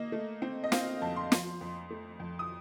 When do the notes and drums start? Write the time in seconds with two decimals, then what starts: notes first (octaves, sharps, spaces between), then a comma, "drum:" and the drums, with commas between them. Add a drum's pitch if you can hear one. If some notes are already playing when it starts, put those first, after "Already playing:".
Already playing: A#3 D#5
0.12 A3
0.42 C4
0.64 D#5
0.72 C4 F5, drum: snare
1.02 F2 A5
1.16 C6
1.32 F3, drum: snare
1.61 F2
1.91 A3
2.20 F2
2.39 D#6